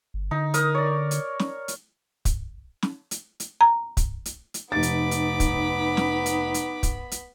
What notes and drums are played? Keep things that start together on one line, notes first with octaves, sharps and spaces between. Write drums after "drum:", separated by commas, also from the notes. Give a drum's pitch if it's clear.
G1
D3 D#4
D#4 A#4 D#6, drum: hi-hat
C#5 D5
drum: hi-hat
drum: snare
drum: hi-hat
drum: kick, hi-hat
drum: snare
drum: hi-hat
drum: hi-hat
A#5
drum: kick, hi-hat
drum: hi-hat
drum: hi-hat
F1 B3 D#4 B5 D6 A6
drum: hi-hat
drum: hi-hat
drum: kick, hi-hat
drum: snare
drum: hi-hat
drum: hi-hat
drum: kick, hi-hat
drum: hi-hat